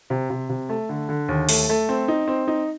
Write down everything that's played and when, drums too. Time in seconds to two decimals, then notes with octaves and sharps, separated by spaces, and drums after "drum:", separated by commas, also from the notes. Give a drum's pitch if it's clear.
0.10 C3
0.30 C3
0.49 C3
0.69 A3
0.89 D3
1.09 D3
1.29 D#2
1.49 A3, drum: open hi-hat
1.69 A3
1.89 C4
2.08 D#4
2.27 C4
2.48 D#4